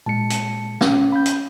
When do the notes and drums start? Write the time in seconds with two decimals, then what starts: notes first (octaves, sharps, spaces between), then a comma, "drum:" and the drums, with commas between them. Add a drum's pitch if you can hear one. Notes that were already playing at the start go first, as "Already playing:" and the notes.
0.06 A#2 G#3 A5 C#7
0.30 drum: hi-hat
0.81 C#4 F5, drum: snare
1.12 B5 G6
1.26 drum: hi-hat